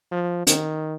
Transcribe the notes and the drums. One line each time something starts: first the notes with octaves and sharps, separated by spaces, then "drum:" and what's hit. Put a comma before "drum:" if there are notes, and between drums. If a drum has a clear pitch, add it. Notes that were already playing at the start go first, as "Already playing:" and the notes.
F3
D#3, drum: hi-hat